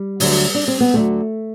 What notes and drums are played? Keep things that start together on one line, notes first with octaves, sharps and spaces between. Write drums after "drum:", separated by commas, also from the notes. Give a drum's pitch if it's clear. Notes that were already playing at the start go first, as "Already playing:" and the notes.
Already playing: G3
D2 D3 F#3, drum: open hi-hat
D4
C4
B3
D2 D3 F#3 A3